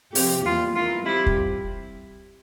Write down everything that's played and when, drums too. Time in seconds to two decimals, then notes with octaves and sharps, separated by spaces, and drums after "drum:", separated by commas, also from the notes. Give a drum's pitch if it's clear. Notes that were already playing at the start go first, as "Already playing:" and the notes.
0.15 C3 F3 C4 G4, drum: open hi-hat
0.45 E2 E3 G3 A#3 F4
0.75 E3 G#3 E4 F4 A#4
1.05 G3 C4 E4 G4
1.26 drum: kick